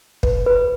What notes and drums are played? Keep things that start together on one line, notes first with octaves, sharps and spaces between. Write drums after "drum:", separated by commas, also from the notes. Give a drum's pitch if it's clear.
B4, drum: kick
B4